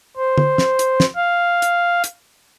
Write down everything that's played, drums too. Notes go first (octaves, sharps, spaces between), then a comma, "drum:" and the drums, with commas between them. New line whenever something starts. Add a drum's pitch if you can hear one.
C5
drum: tom D3
drum: snare
drum: hi-hat
drum: snare
F5
drum: hi-hat
drum: hi-hat